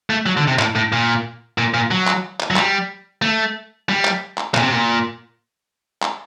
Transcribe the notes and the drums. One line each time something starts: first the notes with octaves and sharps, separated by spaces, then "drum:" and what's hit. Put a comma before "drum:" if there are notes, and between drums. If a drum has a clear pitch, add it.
A3
F#3
D3
C3
A2, drum: clap
A2
A#2
A#2
A#2
F#3
drum: clap
drum: clap
F#3
G3, drum: clap
A3
G3
drum: clap
drum: clap
A#2, drum: clap
C3
A#2
drum: clap